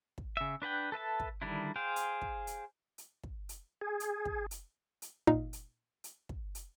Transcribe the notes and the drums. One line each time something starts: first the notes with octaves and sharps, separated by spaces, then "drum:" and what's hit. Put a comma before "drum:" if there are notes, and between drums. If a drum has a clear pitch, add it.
drum: kick
C#3 E5
D4 B4 F#5 G5
A4 B4 E5 A5
drum: kick
D3 D#3 G3 D4 E4
G#4 C5 F5 G5
drum: hi-hat
drum: kick
drum: hi-hat
drum: hi-hat
drum: kick
drum: hi-hat
G#4
drum: hi-hat
drum: kick
drum: hi-hat
drum: hi-hat
A#2 D#4 D#5 F5, drum: kick
drum: hi-hat
drum: hi-hat
drum: kick
drum: hi-hat